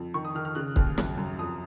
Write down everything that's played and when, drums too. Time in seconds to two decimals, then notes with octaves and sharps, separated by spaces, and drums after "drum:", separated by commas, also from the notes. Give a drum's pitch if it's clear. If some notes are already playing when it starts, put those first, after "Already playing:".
Already playing: F2
0.14 D#3 C#6
0.25 D#6
0.35 D#3 F6
0.45 F6
0.55 C#3 F#6
0.76 D#2 F6, drum: kick C#1
0.98 F#2, drum: snare
1.18 F#2
1.39 F2 D#6